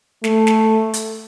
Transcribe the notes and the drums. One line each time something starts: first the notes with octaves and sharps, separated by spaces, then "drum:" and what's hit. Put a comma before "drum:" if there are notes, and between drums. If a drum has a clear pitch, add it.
A3, drum: snare
drum: snare
drum: hi-hat